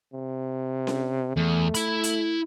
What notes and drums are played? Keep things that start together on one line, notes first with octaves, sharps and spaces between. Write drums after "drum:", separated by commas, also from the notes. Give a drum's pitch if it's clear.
C3
drum: snare C#4
E2 A3
E4 B5, drum: hi-hat
drum: hi-hat